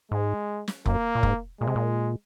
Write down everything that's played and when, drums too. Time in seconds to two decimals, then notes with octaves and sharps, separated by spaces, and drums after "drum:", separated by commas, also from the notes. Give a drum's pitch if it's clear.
0.11 G#2 G#3
0.68 drum: snare
0.86 F#2 A#3, drum: kick F1
1.15 A#2
1.23 G#2, drum: kick F1
1.60 A#2 G#3
1.67 C3
1.76 A#2